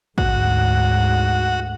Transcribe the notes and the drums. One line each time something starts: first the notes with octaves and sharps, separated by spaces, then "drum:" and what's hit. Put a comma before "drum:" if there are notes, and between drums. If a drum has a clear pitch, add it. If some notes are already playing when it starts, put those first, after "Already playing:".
D2 G#2 F#4, drum: kick A1